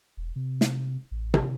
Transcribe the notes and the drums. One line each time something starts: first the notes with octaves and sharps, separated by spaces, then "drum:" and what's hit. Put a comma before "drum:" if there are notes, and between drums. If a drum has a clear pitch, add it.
E1
C3
drum: snare
A1
drum: tom C3